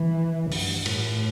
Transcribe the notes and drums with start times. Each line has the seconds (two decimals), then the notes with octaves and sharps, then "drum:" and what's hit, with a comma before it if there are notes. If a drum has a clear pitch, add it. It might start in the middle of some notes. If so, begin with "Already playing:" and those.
Already playing: E3
0.52 G2, drum: open hi-hat
0.86 A2, drum: cymbal